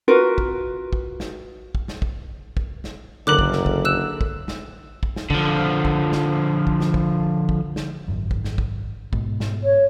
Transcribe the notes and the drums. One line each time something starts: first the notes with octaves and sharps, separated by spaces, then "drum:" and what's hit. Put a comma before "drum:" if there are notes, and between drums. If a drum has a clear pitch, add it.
F4 F#4 A#4 B4
drum: kick
drum: kick
drum: snare
drum: kick
drum: snare
drum: kick
drum: kick
drum: snare
F#1 D3 A#4 D6 F#6 F#7
drum: kick
drum: snare
drum: kick
E6 F#6 E7
drum: kick
drum: snare
drum: kick
drum: snare
D3 F3, drum: kick
drum: kick
drum: snare
drum: kick
drum: snare
drum: kick
drum: kick
drum: snare
G#1 F#2
drum: kick
drum: snare
drum: kick
G#2 B2, drum: kick
drum: snare
C#5